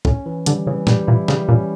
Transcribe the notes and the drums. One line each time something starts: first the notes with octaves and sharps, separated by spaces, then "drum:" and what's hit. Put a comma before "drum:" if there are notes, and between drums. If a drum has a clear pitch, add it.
A2 C#4, drum: kick
E3
D3 G3, drum: hi-hat
C#3 E3
A#2 G3, drum: snare
A#2 E4
C#3 G3, drum: snare
A#2 C#4